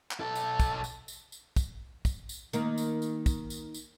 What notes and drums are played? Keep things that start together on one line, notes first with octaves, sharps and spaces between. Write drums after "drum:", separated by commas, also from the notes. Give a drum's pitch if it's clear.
drum: clap
B1 A4
drum: tambourine
drum: kick, tambourine
drum: tambourine
drum: tambourine
drum: tambourine
drum: kick, tambourine
drum: kick, tambourine
drum: tambourine
D#3 A#3, drum: tambourine
drum: tambourine
drum: tambourine
drum: kick, tambourine
drum: tambourine
drum: tambourine